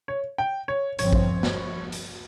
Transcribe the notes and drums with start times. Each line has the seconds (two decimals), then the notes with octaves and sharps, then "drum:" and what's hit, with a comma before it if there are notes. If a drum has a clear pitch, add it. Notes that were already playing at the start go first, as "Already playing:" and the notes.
0.08 C#5
0.38 G5
0.68 C#5
0.99 G1 G2 F3 C4 C#5, drum: hi-hat
1.13 drum: kick A1
1.43 drum: snare
1.92 drum: hi-hat